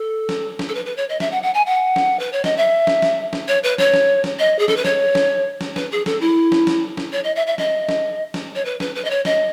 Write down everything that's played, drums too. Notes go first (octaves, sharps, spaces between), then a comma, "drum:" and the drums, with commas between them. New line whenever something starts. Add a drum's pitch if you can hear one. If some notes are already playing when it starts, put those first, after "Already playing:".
Already playing: A4
drum: snare
drum: snare
A4
B4
B4
C#5
D#5
E5, drum: snare
F#5
F#5
G#5
F#5
drum: snare
B4
C#5
D#5, drum: snare
E5
drum: snare
drum: snare
drum: snare
C#5
B4
C#5, drum: snare
drum: snare
drum: snare
D#5
G#4
A4, drum: snare
B4
C#5, drum: snare
drum: snare
drum: snare
B4, drum: snare
G#4
A4, drum: snare
E4
drum: snare
drum: snare
drum: snare
C#5
D#5
E5
E5
D#5, drum: snare
drum: snare
drum: snare
C#5
B4
B4, drum: snare
B4
D#5
C#5
D#5, drum: snare